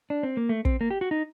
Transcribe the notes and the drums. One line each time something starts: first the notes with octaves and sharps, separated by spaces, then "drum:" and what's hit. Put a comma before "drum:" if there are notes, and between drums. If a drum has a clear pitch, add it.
D4
C4
A#3
A3
C4, drum: kick
A#3
G4
F#4
D#4